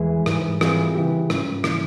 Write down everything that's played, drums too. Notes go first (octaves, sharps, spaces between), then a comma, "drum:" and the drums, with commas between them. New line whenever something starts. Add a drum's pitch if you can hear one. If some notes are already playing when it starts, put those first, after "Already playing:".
Already playing: E2 E3 G#3 E4 G#4
G#2 E3 G3, drum: rim click
E3 G3 C4 F4 G#4, drum: rim click
C#3 E3 A#3 E4 G4
G#2 G3 C#4 F4, drum: rim click
C#3 E3 A#3 E4, drum: rim click